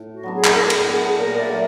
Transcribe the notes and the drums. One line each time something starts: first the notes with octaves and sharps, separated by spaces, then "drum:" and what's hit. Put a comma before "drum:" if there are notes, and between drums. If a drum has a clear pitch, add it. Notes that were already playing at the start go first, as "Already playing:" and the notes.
Already playing: A2
F#4
F#3 B3 D4
G#4
drum: clap
A2 A#4
G#4, drum: cymbal
F#3 B3 D4 G#4
G#4
A#2 A#4
D5 E5
F#3 A3